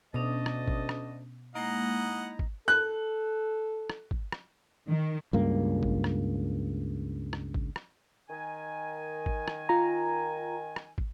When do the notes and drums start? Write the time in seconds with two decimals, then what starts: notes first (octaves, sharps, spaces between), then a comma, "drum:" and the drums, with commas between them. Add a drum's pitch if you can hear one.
0.14 D2 B2 C#4 D4 D#5 A5 D#6
0.46 drum: rim click
0.68 drum: kick
0.89 drum: rim click
1.55 G#3 A#3 D#4 E4 D#5 F#5 A#5
2.39 drum: kick
2.68 A4 F#6
3.90 drum: rim click
4.11 drum: kick
4.32 drum: rim click
4.88 D#3
5.33 C#2 G2 A#3
5.83 drum: kick
6.04 drum: rim click
7.33 drum: rim click
7.54 drum: kick
7.76 drum: rim click
8.30 D#3 G#5
9.26 drum: kick
9.48 drum: rim click
9.69 F4 A#5
10.76 drum: rim click
10.98 drum: kick